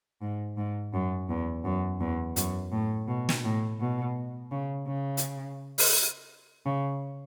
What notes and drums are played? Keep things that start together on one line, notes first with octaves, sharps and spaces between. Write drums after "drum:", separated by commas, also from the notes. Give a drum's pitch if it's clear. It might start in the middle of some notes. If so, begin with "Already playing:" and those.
G#2
G#2
F#2
E2
F#2
E2
F#2, drum: hi-hat
A2
B2
drum: snare
A2
B2
C#3
C#3
drum: hi-hat
drum: open hi-hat
C#3